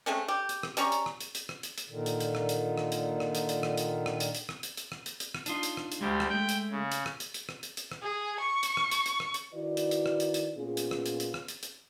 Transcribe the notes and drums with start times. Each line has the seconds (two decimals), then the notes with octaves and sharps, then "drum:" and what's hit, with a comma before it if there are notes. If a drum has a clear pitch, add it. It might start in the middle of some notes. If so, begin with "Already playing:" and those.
0.06 G#3 A3 C4 C#4
0.28 G4
0.49 drum: hi-hat
0.63 drum: rim click
0.77 G3 C#4 A#5 C#6, drum: hi-hat
0.92 drum: hi-hat
1.06 drum: rim click
1.20 drum: hi-hat
1.35 drum: hi-hat
1.49 drum: rim click
1.63 drum: hi-hat
1.78 drum: hi-hat
1.88 A#2 D3 D#3
2.06 drum: hi-hat
2.20 drum: hi-hat
2.35 drum: rim click
2.49 drum: hi-hat
2.78 drum: rim click
2.92 drum: hi-hat
3.20 drum: rim click
3.35 drum: hi-hat
3.49 drum: hi-hat
3.63 drum: rim click
3.77 drum: hi-hat
4.06 drum: rim click
4.20 drum: hi-hat
4.35 drum: hi-hat
4.49 drum: rim click
4.63 drum: hi-hat
4.77 drum: hi-hat
4.92 drum: rim click
5.06 drum: hi-hat
5.20 drum: hi-hat
5.35 drum: rim click
5.46 D4 D#4 F4, drum: hi-hat
5.63 drum: hi-hat
5.77 drum: rim click
5.92 drum: hi-hat
6.01 D2 G3 G#3
6.20 drum: rim click
6.30 G#3 A3 G5
6.49 drum: hi-hat
6.71 C#3
6.92 drum: hi-hat
7.06 drum: rim click
7.20 drum: hi-hat
7.34 drum: hi-hat
7.49 drum: rim click
7.63 drum: hi-hat
7.77 drum: hi-hat
7.92 drum: rim click
8.02 G#4
8.40 C#6
8.63 drum: hi-hat
8.77 drum: rim click
8.91 drum: hi-hat
9.06 drum: hi-hat
9.20 drum: rim click
9.34 drum: hi-hat
9.55 D#3 D#4 E4 F#4 B4 D5
9.77 drum: hi-hat
9.91 drum: hi-hat
10.06 drum: rim click
10.20 drum: hi-hat
10.34 drum: hi-hat
10.57 A#2 B3 C#4 F4 G#4
10.77 drum: hi-hat
10.91 drum: rim click
11.06 drum: hi-hat
11.20 drum: hi-hat
11.34 drum: rim click
11.48 drum: hi-hat
11.63 drum: hi-hat